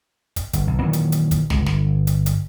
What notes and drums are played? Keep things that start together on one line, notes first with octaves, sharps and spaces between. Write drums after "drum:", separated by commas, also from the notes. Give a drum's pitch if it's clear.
drum: kick, hi-hat
G1, drum: hi-hat
B1
A#2 D#3 E3 F#3
drum: hi-hat
drum: hi-hat
drum: kick, hi-hat
G1 C#2 G#3, drum: snare
G1, drum: snare
drum: hi-hat
drum: hi-hat